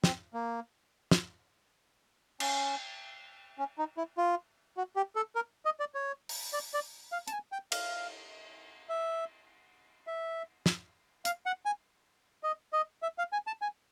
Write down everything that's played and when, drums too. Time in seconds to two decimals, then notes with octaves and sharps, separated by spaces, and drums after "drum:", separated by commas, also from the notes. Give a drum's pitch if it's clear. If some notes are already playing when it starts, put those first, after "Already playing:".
0.04 C4, drum: snare
0.33 A#3
1.11 drum: snare
2.40 C#4, drum: cymbal
3.58 C#4
3.78 D#4
3.97 E4
4.17 F4
4.77 F#4
4.96 G4
5.16 A4
5.35 A#4
5.65 D#5
5.80 D5
5.94 C#5
6.29 drum: open hi-hat
6.53 D5
6.74 D5
7.12 F5
7.28 A5, drum: hi-hat
7.32 G#5
7.52 G5
7.72 F5, drum: cymbal
8.89 E5
10.07 E5
10.66 drum: snare
11.25 F5, drum: hi-hat
11.46 F#5
11.65 G#5
12.43 D#5
12.73 D#5
13.02 E5
13.18 F5
13.33 G#5
13.47 A5
13.62 G#5